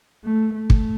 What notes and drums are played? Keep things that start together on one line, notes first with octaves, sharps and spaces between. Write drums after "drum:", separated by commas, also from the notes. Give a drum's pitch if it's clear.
A3
A3
drum: kick